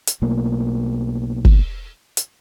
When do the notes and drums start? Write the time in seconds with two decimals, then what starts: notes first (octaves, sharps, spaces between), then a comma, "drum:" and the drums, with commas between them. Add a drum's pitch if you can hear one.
0.07 drum: hi-hat
0.22 B1 B2 A3 A#3
1.45 drum: kick
2.17 drum: hi-hat